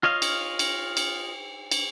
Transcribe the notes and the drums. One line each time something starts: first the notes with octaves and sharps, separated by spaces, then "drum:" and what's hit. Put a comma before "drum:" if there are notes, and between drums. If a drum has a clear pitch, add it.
F4 C#5 D#5 F5
drum: cymbal
drum: cymbal
drum: cymbal
drum: cymbal